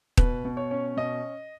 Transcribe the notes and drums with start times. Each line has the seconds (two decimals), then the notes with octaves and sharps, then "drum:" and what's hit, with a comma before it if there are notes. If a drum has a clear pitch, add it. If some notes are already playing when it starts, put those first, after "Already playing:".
0.17 B2 B4, drum: kick D#1
0.45 B2
0.57 C#5
0.71 C#4
0.97 B2 D#5